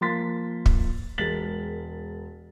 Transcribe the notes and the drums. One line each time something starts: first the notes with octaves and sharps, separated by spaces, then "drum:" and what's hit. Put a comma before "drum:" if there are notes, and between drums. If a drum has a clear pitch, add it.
F3 A#3 C6 A6 B6
drum: kick
E1 G#3 A#4 A6 B6 F#7